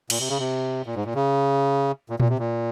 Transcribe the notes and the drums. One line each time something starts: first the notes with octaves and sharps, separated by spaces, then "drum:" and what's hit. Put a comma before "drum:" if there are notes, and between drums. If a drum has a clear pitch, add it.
A#2, drum: cymbal
C3
C#3
C3
A#2
G#2
A#2
C#3
A#2
A#2, drum: tom A#2
C3
A#2